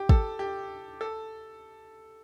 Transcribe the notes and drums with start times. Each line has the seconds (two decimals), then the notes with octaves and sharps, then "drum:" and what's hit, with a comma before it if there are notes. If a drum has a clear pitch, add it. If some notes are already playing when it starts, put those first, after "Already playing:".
Already playing: G4
0.09 A4, drum: kick
0.39 G4
1.01 A4